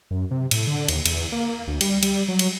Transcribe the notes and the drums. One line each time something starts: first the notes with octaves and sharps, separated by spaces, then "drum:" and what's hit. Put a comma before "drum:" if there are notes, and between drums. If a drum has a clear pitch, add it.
F#2
C3
A2, drum: cymbal
D3
D#2, drum: cymbal
E2, drum: cymbal
A#3
A#3
D2
G3, drum: cymbal
G3, drum: cymbal
F#3
drum: cymbal